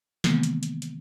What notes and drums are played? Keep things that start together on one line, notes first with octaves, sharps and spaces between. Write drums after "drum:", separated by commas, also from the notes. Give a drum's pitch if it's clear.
C3 D#3 E3 G#3 A#3 B3, drum: snare
drum: hi-hat
drum: hi-hat
drum: hi-hat